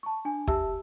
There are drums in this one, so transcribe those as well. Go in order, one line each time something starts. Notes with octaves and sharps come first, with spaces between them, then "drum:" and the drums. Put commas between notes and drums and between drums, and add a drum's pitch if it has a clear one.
A5 C#6
D4 G#5
G4 E5 A5 E6, drum: kick